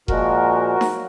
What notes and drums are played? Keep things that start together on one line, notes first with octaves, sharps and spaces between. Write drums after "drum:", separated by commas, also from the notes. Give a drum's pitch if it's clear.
A#2 F3 G#3 F#4 A#4, drum: kick E1
drum: snare D#4
F#3 A#3